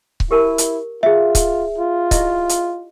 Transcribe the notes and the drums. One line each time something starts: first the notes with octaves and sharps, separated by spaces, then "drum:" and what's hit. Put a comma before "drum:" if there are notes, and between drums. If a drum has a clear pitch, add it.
drum: kick C#1
E4 G4 A#4 A5
drum: hi-hat
F4 G#4 E5
drum: kick C#1, hi-hat
F4
E4 G4 D#5, drum: kick C#1, hi-hat
drum: hi-hat